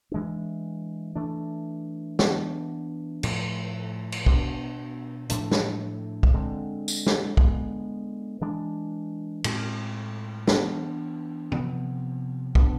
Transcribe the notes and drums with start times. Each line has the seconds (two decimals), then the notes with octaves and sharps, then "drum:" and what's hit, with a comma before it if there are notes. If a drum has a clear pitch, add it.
0.11 E3 G#3 D4
1.16 E3 A3 D4
2.19 E3 B3 D4, drum: snare
3.23 A2 F3 A3, drum: cymbal
4.12 drum: cymbal
4.26 B2 B3 D4, drum: kick
5.30 A2 F3 A3 D4, drum: hi-hat
5.51 drum: snare
6.23 drum: kick
6.34 D3 G#3 C4
6.88 drum: tambourine
7.07 drum: snare
7.37 D3 G#3 B3, drum: kick
8.41 E3 G#3 D4
9.44 A2 G#3 C4, drum: cymbal
10.47 E3 B3 D4, drum: snare
11.52 C3 F3 B3, drum: tom
12.55 B2 B3 D4, drum: kick